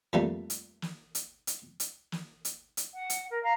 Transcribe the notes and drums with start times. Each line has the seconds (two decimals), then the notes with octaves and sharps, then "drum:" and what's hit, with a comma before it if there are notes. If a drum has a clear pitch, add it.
0.13 F2 G3 A3 A#3
0.50 drum: hi-hat
0.82 drum: snare
1.15 drum: hi-hat
1.47 drum: hi-hat
1.80 drum: hi-hat
2.12 drum: snare
2.45 drum: hi-hat
2.77 drum: hi-hat
2.93 F#5
3.10 drum: hi-hat
3.30 A#4
3.43 F5 A#5